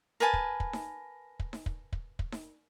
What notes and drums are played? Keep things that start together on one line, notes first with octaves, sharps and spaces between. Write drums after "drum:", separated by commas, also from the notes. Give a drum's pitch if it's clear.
A#4 B4 G#5 A5
drum: kick
drum: kick
drum: snare D#4
drum: kick
drum: snare D#4
drum: kick
drum: kick
drum: kick
drum: snare D#4